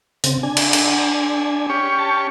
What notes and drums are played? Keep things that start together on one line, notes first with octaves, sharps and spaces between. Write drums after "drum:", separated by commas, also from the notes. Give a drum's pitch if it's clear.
C#3 C4, drum: open hi-hat
D4 G#5
drum: cymbal
drum: cymbal
C#4 G4 C#5
A5